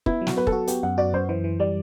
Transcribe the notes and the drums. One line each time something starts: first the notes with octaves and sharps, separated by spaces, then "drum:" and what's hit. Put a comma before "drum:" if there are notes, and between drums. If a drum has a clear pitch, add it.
B3 E4, drum: kick
F#3
F#4, drum: snare
B3 B4
A4, drum: kick
F#4
B3 G4, drum: hi-hat
F#2 F#5
F#4 D5
F#2 C5
E3 C5
E3
G3 D5